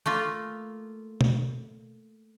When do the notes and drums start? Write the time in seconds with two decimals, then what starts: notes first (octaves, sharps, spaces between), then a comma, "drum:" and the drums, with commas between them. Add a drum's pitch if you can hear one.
0.06 A3 A#3 F4
1.21 drum: tom B2